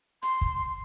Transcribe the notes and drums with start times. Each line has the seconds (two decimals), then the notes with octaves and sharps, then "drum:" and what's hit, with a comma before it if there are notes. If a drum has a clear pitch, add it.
0.23 C6, drum: hi-hat
0.41 drum: kick